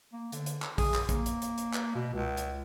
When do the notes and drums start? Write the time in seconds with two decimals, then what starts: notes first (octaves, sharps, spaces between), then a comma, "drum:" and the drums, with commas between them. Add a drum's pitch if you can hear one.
0.13 A#3
0.32 D3, drum: hi-hat
0.46 drum: hi-hat
0.62 drum: clap
0.78 G#4, drum: kick A#1, open hi-hat
0.94 drum: clap
1.09 A#3, drum: kick A#1, hi-hat
1.26 drum: hi-hat
1.42 drum: hi-hat
1.58 drum: hi-hat
1.74 drum: clap
1.95 B2
2.14 C#2
2.37 drum: hi-hat